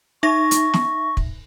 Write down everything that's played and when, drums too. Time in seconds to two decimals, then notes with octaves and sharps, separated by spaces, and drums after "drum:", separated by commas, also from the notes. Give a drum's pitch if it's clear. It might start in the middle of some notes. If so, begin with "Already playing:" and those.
0.23 D#4 E5 C#6 A#6
0.51 drum: hi-hat
0.74 drum: snare
1.17 drum: kick